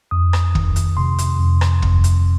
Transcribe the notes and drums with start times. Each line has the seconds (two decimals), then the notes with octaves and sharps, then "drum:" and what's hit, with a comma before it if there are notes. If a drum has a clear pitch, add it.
0.11 F2 D#6
0.33 drum: rim click
0.55 D#3, drum: kick
0.76 drum: hi-hat
0.97 C3 C6
1.18 drum: hi-hat
1.39 F2
1.61 drum: rim click
1.82 F2, drum: kick
2.04 drum: hi-hat